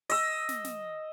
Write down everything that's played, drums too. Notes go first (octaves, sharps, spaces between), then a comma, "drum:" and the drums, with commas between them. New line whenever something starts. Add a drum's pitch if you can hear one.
D#5 E6, drum: open hi-hat
drum: snare
drum: snare